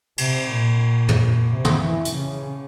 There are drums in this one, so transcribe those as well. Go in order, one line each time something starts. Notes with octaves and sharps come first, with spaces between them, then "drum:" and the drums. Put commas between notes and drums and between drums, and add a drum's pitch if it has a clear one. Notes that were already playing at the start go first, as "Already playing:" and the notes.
C3, drum: cymbal
A#2
drum: tom
C3
drum: tom
E3
drum: hi-hat
C#3